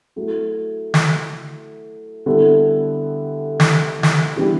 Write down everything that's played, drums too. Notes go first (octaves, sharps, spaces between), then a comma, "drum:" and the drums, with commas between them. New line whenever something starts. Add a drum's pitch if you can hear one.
F#3 A3 E4
drum: snare
D3 G3 B3 E4 A4
drum: snare
drum: snare
E3 G3 B3 D4 G4